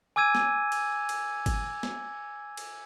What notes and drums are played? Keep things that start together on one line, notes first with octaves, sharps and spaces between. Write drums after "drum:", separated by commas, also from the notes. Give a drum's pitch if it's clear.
G#5 D6 E6 G#6 D#7
drum: snare
drum: cymbal
drum: cymbal
drum: kick, cymbal
drum: snare
drum: cymbal